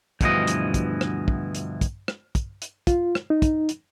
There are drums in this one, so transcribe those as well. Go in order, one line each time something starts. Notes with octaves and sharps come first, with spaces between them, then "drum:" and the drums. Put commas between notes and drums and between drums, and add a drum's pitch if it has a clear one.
D2 G2 B2 E3 F3 D#5, drum: kick, hi-hat
drum: hi-hat
drum: kick, hi-hat
drum: rim click
drum: kick
drum: hi-hat
drum: kick, hi-hat
drum: rim click
drum: kick, hi-hat
drum: hi-hat
F4, drum: kick, hi-hat
drum: rim click
D#4
drum: kick, hi-hat
drum: hi-hat